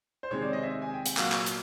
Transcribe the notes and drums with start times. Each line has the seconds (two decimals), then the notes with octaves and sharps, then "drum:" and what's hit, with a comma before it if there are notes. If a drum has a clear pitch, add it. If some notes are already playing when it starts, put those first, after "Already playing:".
0.23 C5
0.31 C3 D#3 G#3 C4 C#5
0.42 D5
0.53 D#5
0.63 E5
0.82 G#5
0.94 G5
1.06 F#5, drum: hi-hat
1.17 A#2 F#3 A#3 F5, drum: clap
1.32 drum: clap
1.46 drum: hi-hat